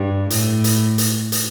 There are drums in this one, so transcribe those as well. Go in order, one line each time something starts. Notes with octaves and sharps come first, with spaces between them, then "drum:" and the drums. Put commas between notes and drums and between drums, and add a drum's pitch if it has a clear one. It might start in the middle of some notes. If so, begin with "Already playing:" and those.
Already playing: G2
A2, drum: hi-hat
drum: hi-hat
drum: hi-hat
drum: hi-hat